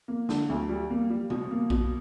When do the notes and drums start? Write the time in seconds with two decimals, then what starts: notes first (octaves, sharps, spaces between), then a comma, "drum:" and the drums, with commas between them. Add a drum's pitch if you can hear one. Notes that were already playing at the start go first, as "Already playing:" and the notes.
0.08 A#3
0.29 D3, drum: snare
0.50 D2
0.69 G3
0.90 A#3
1.10 G3
1.30 B2, drum: tom
1.51 A#3
1.70 B2, drum: kick A#1